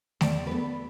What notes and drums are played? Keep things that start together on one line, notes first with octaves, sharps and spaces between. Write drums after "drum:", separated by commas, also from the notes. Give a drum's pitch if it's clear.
E2 D5, drum: snare A3
B4
B3 A4